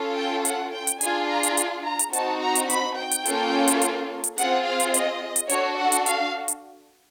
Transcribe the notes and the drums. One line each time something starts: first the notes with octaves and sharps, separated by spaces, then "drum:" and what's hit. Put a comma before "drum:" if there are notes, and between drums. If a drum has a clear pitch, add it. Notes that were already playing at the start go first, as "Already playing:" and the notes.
Already playing: C#4 F4 A4
G5
F#5, drum: hi-hat
G5
drum: hi-hat
D4 F4 G#4 G#5, drum: hi-hat
A#5
drum: hi-hat
drum: hi-hat
A#5
drum: hi-hat
C4 D#4 F#4 A5, drum: hi-hat
A#5
drum: hi-hat
B5, drum: hi-hat
G5
drum: hi-hat
A#3 C#4 F4 A4, drum: hi-hat
drum: hi-hat
drum: hi-hat
drum: hi-hat
C4 F4 G#4 F#5, drum: hi-hat
F5
drum: hi-hat
D#5, drum: hi-hat
drum: hi-hat
D4 F#4 A4 C#5, drum: hi-hat
F#5
drum: hi-hat
F5, drum: hi-hat
drum: hi-hat